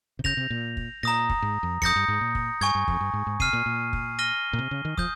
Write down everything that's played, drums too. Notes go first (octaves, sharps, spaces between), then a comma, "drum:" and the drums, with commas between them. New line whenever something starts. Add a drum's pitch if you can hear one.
C3
C#3 G6 A#6 F7, drum: kick
C3
A#2
drum: kick
A#2 A#5 D#6 A#6
drum: kick
G#2
F2
F2 D#6 G6 A#6 C#7, drum: kick
G2
G#2
A#2
drum: kick
G2 G#5 C#6 G#6
G2
F2, drum: kick
G2
G#2
G#2
C3 F6 C7 D#7, drum: kick
A#2
A#2
drum: kick
F6 A#6 D#7 G7
A#2
C3
C#3
D#3
F3 D#6 G6, drum: kick